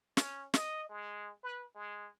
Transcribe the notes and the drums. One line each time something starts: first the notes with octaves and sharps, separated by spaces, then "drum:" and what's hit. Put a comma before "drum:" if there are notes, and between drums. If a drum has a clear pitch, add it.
C#4, drum: snare
D#5, drum: snare
G#3
B4
G#3